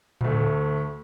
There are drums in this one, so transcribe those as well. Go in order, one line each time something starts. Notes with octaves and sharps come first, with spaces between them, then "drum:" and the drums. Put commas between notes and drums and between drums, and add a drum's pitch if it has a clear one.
D2 A3, drum: tom A2